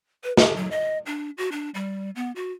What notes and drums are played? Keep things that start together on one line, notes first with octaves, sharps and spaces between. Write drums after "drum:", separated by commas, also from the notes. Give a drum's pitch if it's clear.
B4
G4, drum: snare
F#3
D#5
D4
F#4
D4
G3
B3
F#4